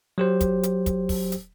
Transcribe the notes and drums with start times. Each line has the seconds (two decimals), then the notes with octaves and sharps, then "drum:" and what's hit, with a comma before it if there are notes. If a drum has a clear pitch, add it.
0.18 F#3 G4 C5
0.41 drum: kick, hi-hat
0.63 drum: hi-hat
0.86 drum: kick, hi-hat
1.09 drum: kick, open hi-hat
1.32 drum: hi-hat